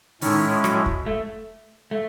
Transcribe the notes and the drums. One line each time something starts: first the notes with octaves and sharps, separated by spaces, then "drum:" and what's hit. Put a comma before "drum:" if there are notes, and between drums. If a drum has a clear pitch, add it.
A2 D#3 G#3 C#4 E4, drum: open hi-hat
F#3, drum: rim click
drum: kick
A3
A3